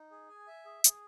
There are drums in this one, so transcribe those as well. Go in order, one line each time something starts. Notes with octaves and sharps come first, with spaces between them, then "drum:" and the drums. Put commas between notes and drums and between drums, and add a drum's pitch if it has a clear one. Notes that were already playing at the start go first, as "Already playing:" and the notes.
Already playing: D#4
G#4
G#5
E5
G#4
G#4, drum: hi-hat